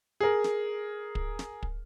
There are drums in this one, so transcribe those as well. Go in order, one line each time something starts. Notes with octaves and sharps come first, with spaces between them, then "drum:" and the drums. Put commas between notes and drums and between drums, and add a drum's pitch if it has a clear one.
G#4 A#4
drum: snare
drum: kick
drum: snare
drum: kick